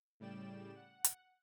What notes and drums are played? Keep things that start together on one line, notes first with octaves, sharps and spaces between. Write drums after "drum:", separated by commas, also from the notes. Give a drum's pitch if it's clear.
A2 C#3 G3 D5 G5 E7
F#5
drum: hi-hat